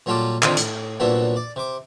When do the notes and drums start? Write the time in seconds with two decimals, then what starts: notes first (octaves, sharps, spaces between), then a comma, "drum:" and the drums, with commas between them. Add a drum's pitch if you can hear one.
0.06 A#2 F#3 G3 F4 A4 D6
0.43 D3 D#3 F3 C4 D4, drum: clap
0.57 A2, drum: hi-hat
1.00 C2 A#2 F#3 B3 D4 E5
1.36 D5
1.56 C3 D6